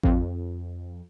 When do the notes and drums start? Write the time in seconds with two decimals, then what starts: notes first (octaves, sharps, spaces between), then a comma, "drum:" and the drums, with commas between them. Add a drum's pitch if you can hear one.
0.03 F2, drum: kick A1